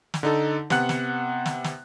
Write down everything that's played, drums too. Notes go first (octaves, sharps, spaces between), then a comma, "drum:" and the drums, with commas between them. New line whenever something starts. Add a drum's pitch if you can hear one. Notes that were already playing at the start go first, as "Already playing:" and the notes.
drum: snare
D3 D#4 A4
C3 B3 F#5 F#6 C#7, drum: snare
drum: snare
drum: snare
drum: snare